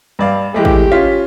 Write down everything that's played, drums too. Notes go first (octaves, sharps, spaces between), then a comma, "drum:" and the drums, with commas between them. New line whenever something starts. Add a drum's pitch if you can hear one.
G2 D5 F5
E3 G#3 A3 G4
drum: kick
C#4 F4 B6